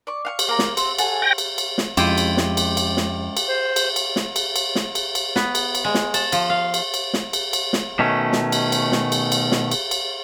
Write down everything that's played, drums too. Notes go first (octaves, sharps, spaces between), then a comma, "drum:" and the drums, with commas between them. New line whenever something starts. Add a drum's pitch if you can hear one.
D5 C#6
F5 F#5 C#6
drum: cymbal
A#3 A#5
drum: snare
C4, drum: cymbal
A4 F#5 G#5, drum: cymbal
G5 A#6
drum: cymbal
drum: cymbal
drum: snare
F2 G#3 C#4 E4 F4 G4 D#5, drum: cymbal
drum: cymbal
drum: snare
drum: cymbal
drum: cymbal
drum: snare
drum: cymbal
C5
drum: cymbal
drum: cymbal
drum: snare
drum: cymbal
drum: cymbal
drum: snare
drum: cymbal
drum: cymbal
B3, drum: snare
drum: cymbal
drum: cymbal
G#3
drum: snare
A5, drum: cymbal
F3, drum: cymbal
F5
drum: cymbal
drum: cymbal
drum: snare
drum: cymbal
drum: cymbal
drum: snare
B2 D#3 A3 C#4
drum: snare
drum: cymbal
drum: cymbal
drum: snare
drum: cymbal
drum: cymbal
drum: snare
drum: cymbal
drum: cymbal